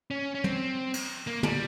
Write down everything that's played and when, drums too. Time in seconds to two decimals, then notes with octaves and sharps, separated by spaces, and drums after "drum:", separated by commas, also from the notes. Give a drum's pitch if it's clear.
0.11 C#4
0.35 C#4
0.44 C4, drum: tom
0.94 drum: cymbal
1.27 A#3
1.43 G3, drum: tom